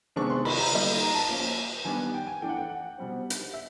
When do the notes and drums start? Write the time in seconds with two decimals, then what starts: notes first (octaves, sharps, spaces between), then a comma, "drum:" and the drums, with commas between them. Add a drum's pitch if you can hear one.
0.16 C3 D#3 G#3 B3 D4 C#6
0.30 C6
0.45 B5, drum: cymbal
0.58 A#5
0.72 D3 G3 A#3 D#4
1.00 A#5
1.14 A5
1.29 F3 A#3 C#4
1.85 D#3 G3 B3 D4 G#5
2.14 G5
2.27 G#5
2.42 E3 A3 D4 G5
2.49 F#5
2.57 G5
2.69 F#5
2.98 B2 G3 C4
3.30 drum: hi-hat
3.54 E5